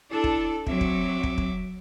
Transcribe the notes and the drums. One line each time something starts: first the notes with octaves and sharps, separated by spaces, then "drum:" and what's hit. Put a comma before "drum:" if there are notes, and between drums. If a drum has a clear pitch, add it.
D4 E4 A4 D5
drum: kick
F#3 C4 E5 D6, drum: kick
drum: kick
drum: kick
drum: kick